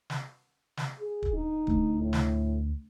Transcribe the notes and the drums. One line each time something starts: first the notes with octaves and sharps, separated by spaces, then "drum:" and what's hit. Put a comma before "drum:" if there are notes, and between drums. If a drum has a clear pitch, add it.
drum: snare
drum: snare
G#4
drum: kick
D#4
D2, drum: kick
A2
drum: snare